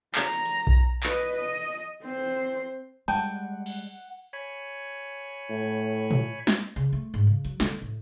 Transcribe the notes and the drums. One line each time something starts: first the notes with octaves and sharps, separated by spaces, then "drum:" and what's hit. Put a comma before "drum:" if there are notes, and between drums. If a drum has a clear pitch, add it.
A#5, drum: clap
drum: hi-hat
drum: kick B1
B4 D#5, drum: clap
D#5
C4 C5
G3 G#3 F#5 G5 A5, drum: open hi-hat
drum: cymbal
C#5 G#5 B5
A2
drum: tom
drum: snare
C#3
A3
G#2
C#3
F#3, drum: hi-hat
D3, drum: snare
A2